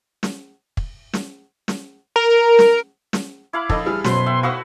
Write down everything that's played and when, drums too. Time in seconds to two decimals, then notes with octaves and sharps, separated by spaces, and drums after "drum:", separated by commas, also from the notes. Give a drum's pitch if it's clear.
0.23 drum: snare
0.77 drum: kick
1.13 drum: snare
1.68 drum: snare
2.16 A#4
2.59 drum: snare
3.13 drum: snare
3.53 E4 F5 B5 D6
3.70 A#1 A4 D#5, drum: kick
3.86 E3 G3 G#4 F6
4.04 F#2 B2 B4 C5 C6, drum: snare
4.26 E5 F#5 G5
4.43 F#4 B4 F5 F#5 C#6 D#6 E6